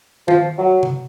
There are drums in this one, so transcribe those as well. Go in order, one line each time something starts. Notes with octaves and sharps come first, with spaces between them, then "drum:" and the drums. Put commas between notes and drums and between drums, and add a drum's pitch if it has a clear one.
F3, drum: tom D#3
F#3
drum: tom C3